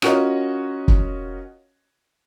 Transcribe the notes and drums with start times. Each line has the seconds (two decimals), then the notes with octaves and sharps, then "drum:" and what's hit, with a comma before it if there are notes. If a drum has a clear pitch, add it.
0.02 C#4 F4 F#4 A#4 C#5 D#5, drum: rim click
0.88 drum: kick